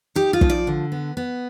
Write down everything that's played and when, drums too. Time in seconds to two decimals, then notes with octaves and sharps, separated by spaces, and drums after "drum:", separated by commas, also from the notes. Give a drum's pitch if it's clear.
0.15 D#4 G4
0.33 F4
0.41 F3, drum: kick
0.50 D5
0.67 D3
0.92 B3
1.17 B3